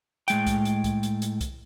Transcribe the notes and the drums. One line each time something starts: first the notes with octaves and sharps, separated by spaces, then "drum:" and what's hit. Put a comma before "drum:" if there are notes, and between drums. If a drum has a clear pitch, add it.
A2 G#3 G5, drum: hi-hat
drum: kick C2, hi-hat
drum: hi-hat
drum: kick C2, hi-hat
drum: hi-hat
drum: hi-hat
drum: kick C2, hi-hat